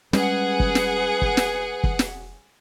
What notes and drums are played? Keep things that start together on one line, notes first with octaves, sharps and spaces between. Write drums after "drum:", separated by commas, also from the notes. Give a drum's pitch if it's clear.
G3 G#3 C#4 G#4 B4 F#5, drum: snare
drum: kick
drum: snare
drum: kick
drum: snare
drum: kick
drum: snare